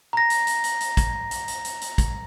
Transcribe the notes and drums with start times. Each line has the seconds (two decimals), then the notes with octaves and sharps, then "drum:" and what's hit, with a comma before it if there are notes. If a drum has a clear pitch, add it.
0.13 A#5 A#6
0.30 drum: hi-hat
0.47 drum: hi-hat
0.64 drum: hi-hat
0.80 drum: hi-hat
0.97 drum: kick, hi-hat
1.31 drum: hi-hat
1.48 drum: hi-hat
1.65 drum: hi-hat
1.81 drum: hi-hat
1.98 drum: kick, hi-hat